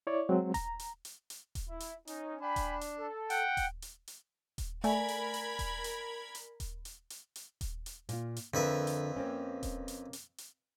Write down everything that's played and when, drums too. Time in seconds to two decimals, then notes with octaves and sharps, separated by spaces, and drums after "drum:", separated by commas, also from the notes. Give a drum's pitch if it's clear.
0.07 E4 C#5 D5
0.29 F#3 G#3 C4
0.54 A#5, drum: kick D#1, hi-hat
0.79 drum: hi-hat
1.05 drum: hi-hat
1.30 drum: hi-hat
1.55 drum: kick D#1, hi-hat
1.69 E4
1.80 drum: hi-hat
2.07 C#4 D#4, drum: hi-hat
2.40 D4 G5 G#5 B5
2.56 drum: kick D#1, hi-hat
2.81 drum: hi-hat
2.99 A4
3.30 F#5 G5, drum: hi-hat
3.57 drum: kick D#1, hi-hat
3.82 drum: hi-hat
4.08 drum: hi-hat
4.58 drum: kick D#1, hi-hat
4.84 A3 A#4 D5 G#5 B5 G#6, drum: hi-hat
5.08 drum: hi-hat
5.34 drum: hi-hat
5.59 drum: kick D#1, hi-hat
5.84 drum: hi-hat
6.35 drum: hi-hat
6.60 drum: kick D#1, hi-hat
6.85 drum: hi-hat
7.10 drum: hi-hat
7.36 drum: hi-hat
7.61 drum: kick D#1, hi-hat
7.86 drum: hi-hat
8.09 A#2 F4, drum: hi-hat
8.36 drum: hi-hat
8.54 F2 D3 A#4 B4 E5
8.87 drum: hi-hat
9.17 A#3 C4 C#4
9.63 drum: kick D#1, hi-hat
9.88 drum: hi-hat
10.13 drum: hi-hat
10.38 drum: hi-hat